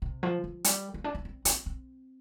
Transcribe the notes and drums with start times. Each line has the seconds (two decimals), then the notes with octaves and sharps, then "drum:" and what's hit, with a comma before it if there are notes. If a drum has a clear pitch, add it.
0.02 C3
0.23 F3
0.44 F3
0.64 G3, drum: hi-hat
0.94 A#3
1.04 D4
1.15 D4
1.25 C4
1.45 C4, drum: hi-hat
1.66 C4